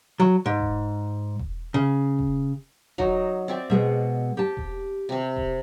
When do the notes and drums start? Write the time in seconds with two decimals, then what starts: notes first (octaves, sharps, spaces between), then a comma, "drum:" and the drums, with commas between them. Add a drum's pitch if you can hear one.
0.20 F#3
0.46 G#2
0.60 drum: kick E1
1.39 drum: kick E1
1.74 C#3
2.19 drum: kick E1
2.98 F#3 D#4, drum: kick E1
3.48 C4 D5 E5
3.70 B2 G#3 B3 E5
4.37 G4 A5
4.57 drum: kick E1
5.09 C3 C4
5.36 drum: kick E1